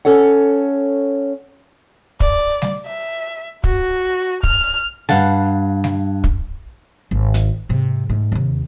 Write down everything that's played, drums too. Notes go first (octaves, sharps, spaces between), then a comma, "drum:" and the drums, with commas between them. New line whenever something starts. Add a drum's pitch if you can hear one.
C#4 A4 C#5 F#5
D5, drum: kick
drum: snare G3
E5
F#4, drum: kick
F6, drum: kick
G2 F5 F#5 A5, drum: snare G3
drum: snare G3
drum: kick
G#1
drum: hi-hat
G#2 C3
G#2 A3
D#2 C3